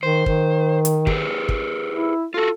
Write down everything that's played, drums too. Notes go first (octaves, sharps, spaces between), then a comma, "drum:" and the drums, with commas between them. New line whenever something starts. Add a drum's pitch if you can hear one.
D#3 C5
D#3, drum: kick
drum: hi-hat
G4 G#4 B4, drum: kick
drum: kick
E4
F4 F#4 A4